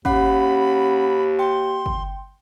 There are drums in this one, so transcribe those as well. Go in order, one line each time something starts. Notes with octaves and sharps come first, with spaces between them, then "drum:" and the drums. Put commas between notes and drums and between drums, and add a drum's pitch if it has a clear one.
D#2 C#4 F#5 B5, drum: kick
G5 C6
drum: kick